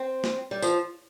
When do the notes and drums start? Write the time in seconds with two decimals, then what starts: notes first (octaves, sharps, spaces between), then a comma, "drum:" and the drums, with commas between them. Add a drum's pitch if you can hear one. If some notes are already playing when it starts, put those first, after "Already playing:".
Already playing: C4
0.24 drum: snare
0.51 G3
0.62 F3, drum: tambourine